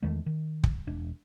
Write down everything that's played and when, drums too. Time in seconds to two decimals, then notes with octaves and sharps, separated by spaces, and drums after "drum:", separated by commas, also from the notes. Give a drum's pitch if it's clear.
0.03 E2 D#3 G#3 A3
0.26 D#3
0.64 drum: kick
0.87 E1 D4